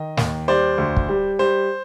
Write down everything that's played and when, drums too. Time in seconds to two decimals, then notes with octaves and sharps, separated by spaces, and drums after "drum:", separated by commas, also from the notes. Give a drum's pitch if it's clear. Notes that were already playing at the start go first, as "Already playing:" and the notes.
Already playing: D#3 D#5
0.17 D#2, drum: snare
0.48 G3 C5 D5
0.78 D2
0.97 drum: kick
1.09 G3
1.39 G3 C5